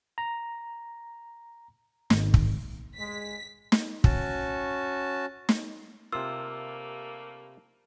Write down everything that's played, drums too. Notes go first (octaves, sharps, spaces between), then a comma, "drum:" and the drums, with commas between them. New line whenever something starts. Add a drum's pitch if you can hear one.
A#5
G#1, drum: snare
drum: kick
G#3 B6
drum: snare
C#4 F#4 A5, drum: kick
drum: snare
C3 G3 A3 A#3 F4 E6